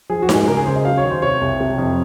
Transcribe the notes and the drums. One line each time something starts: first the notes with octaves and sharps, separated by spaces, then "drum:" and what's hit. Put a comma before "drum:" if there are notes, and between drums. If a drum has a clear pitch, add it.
F3 G#4
F#4
G#2, drum: snare D#4
G#4
C#3 A#4
G#4
C#3 C5
D#5
F#3 F5
C#5
D#3
C5
C3 C#5
C2
C3
F2